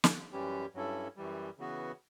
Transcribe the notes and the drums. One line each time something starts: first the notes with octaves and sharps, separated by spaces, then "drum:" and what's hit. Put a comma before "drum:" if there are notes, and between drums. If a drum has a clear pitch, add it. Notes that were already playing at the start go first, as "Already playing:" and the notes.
drum: snare
F#2 E3 G3 C#4 G4
G2 F#3 C#4 E4 A4
F#2 E3 G3
C#3 E3 B3 F#4